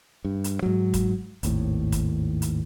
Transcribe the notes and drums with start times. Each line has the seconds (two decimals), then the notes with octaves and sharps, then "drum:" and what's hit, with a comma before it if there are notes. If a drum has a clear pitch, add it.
0.25 G2
0.44 drum: hi-hat
0.62 G#2 F#3
0.94 drum: kick, hi-hat
1.43 G#1 D#2 A2, drum: hi-hat
1.92 drum: kick, hi-hat
2.42 drum: hi-hat